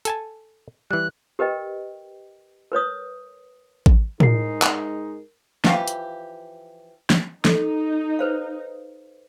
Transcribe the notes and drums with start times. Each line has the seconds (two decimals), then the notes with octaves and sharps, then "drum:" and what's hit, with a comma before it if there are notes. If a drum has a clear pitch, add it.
0.05 A4 G#5 A5, drum: hi-hat
0.91 E3 G3 F#6
1.39 G4 A#4 B4 D#5 G5
2.72 A#4 B4 C#5 D#6
3.86 drum: kick A1
4.20 G#2 G#3 D#4 A#4 C7, drum: tom
4.62 drum: clap
5.64 E3 F3 G4 F5, drum: snare
5.88 drum: hi-hat
7.10 drum: snare
7.45 D#4 A4, drum: snare
8.19 B4 C5 F5